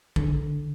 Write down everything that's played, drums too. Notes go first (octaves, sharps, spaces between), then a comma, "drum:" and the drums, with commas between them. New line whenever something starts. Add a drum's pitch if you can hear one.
D3, drum: kick